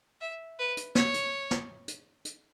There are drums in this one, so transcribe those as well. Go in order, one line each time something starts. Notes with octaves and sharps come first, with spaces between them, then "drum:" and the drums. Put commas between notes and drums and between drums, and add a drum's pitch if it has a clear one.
E5
B4
drum: hi-hat
C#5, drum: snare
drum: hi-hat
drum: snare
drum: hi-hat
drum: hi-hat